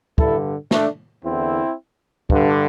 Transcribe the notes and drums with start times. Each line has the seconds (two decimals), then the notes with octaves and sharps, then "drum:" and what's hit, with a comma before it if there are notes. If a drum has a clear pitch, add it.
0.18 G2 D3 E4 A4, drum: kick
0.71 A3 D4, drum: snare
1.24 E2 D3 C4 E4
2.30 G2 D3, drum: kick